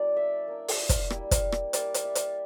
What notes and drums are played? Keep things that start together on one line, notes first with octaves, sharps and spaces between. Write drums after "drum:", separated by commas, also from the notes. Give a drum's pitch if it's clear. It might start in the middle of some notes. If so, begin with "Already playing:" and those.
Already playing: F#3 A#3 C#4 E4 D5
E5
A#3 D4
drum: open hi-hat
drum: kick, hi-hat
G3 A#3 E4, drum: rim click
drum: kick, hi-hat
drum: rim click
G3 A#3 E4 D5, drum: hi-hat
drum: hi-hat
E5
drum: hi-hat